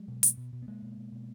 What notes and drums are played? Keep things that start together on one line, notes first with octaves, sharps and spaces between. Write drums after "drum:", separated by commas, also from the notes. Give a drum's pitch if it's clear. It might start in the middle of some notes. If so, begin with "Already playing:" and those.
Already playing: F#3 G#3
B2
B2, drum: hi-hat
B2
B2
B3
B2 G#3 A#3
B2
B2
B2